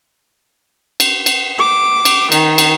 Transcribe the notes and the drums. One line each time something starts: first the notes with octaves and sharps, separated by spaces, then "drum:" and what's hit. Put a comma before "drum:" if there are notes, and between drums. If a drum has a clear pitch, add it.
drum: cymbal
drum: cymbal
D6
drum: cymbal
D#3, drum: cymbal
drum: cymbal